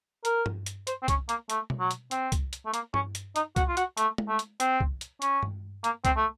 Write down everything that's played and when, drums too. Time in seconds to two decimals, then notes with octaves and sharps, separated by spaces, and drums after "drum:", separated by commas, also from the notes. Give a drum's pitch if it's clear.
0.25 A#4, drum: hi-hat
0.46 drum: tom G2
0.66 drum: hi-hat
0.87 C5, drum: hi-hat
1.02 C4
1.08 C#4, drum: kick, hi-hat
1.29 A#3, drum: hi-hat
1.50 A3, drum: hi-hat
1.70 drum: tom B2
1.80 F#3
1.91 drum: hi-hat
2.11 C4, drum: hi-hat
2.32 drum: kick, hi-hat
2.53 drum: hi-hat
2.66 A3
2.74 A#3, drum: hi-hat
2.94 C#4, drum: tom G2
3.15 drum: hi-hat
3.36 D#4, drum: hi-hat
3.56 F#4, drum: kick, hi-hat
3.68 F4
3.77 F#4, drum: hi-hat
3.97 A3, drum: hi-hat
4.18 drum: tom
4.28 A3
4.39 drum: hi-hat
4.60 C4, drum: hi-hat
4.80 drum: kick
5.01 drum: hi-hat
5.22 C#4, drum: hi-hat
5.43 drum: tom G2
5.84 A#3, drum: hi-hat
6.05 C4, drum: kick, hi-hat
6.17 A3